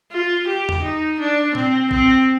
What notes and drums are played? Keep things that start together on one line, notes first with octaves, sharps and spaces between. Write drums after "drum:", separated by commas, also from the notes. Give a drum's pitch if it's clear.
F4
G4
drum: tom E2
D#4
D4
C4, drum: tom A#2
C4, drum: kick A1